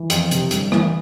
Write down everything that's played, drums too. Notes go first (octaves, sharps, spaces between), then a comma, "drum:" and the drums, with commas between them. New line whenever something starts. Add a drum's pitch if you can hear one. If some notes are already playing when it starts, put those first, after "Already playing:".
Already playing: E3
F2, drum: hi-hat
C3, drum: hi-hat
G1, drum: hi-hat
E3, drum: rim click